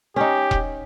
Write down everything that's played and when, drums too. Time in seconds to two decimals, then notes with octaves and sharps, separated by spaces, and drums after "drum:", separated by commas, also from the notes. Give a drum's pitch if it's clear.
0.16 C#4 D#4 G4
0.51 drum: kick E1